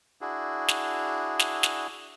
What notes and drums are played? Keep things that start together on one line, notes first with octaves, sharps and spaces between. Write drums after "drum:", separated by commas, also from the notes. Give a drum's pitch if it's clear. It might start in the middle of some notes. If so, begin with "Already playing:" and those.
D4 E4 F#4 G#4
drum: snare
drum: snare
drum: snare